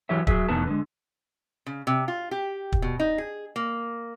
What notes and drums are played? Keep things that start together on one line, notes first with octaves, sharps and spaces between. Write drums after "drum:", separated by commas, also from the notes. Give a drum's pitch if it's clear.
E3 F#3 G4 C#5 E5
F#3 G#4 E5, drum: kick
E2 B2 D#3 A3 B3 A5
D3 G#3
C#3
C3
F4
G4
drum: kick
B2
D#4
G#4
A#3